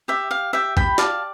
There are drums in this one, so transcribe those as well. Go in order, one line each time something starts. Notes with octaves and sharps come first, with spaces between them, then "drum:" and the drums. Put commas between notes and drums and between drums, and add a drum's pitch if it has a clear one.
G4 E5
F5
G4 E5 G5
G5 B5, drum: kick
D5 F5 A5, drum: snare